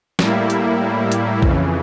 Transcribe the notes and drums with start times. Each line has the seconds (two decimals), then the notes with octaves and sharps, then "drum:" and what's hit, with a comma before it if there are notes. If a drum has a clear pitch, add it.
0.19 A2 G3 A#3 E4, drum: snare
0.50 drum: hi-hat
1.12 drum: hi-hat
1.42 F2 C#3 E3, drum: kick A#1